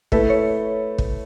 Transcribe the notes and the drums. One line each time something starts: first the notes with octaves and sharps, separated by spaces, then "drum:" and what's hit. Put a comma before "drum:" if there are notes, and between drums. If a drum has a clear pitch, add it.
A3 E4 A4 B4, drum: kick
C#5
drum: kick